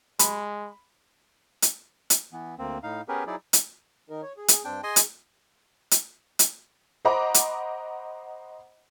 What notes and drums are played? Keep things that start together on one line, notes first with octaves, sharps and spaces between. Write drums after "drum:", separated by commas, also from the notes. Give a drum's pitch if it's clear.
G#3 B5, drum: hi-hat
drum: hi-hat
drum: hi-hat
E3 B3
D2 A#3 C4
A2 D#4 F5
B3 C#4 G4 G#4 A#4 B4
F#3 D#4 E4 G#4 D5
drum: hi-hat
D#3 D#4 A#4
C#5
G#4
drum: hi-hat
G2 C4 D4 G5
G#4 D#5 G#5 C6
drum: hi-hat
drum: hi-hat
drum: hi-hat
C5 D#5 F#5 A#5 B5 D6
drum: hi-hat